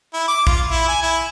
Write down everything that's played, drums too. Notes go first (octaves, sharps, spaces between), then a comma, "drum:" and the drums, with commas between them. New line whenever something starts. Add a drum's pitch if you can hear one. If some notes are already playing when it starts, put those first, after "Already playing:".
E4
D6
F4, drum: kick A#1
E4
G#5
E4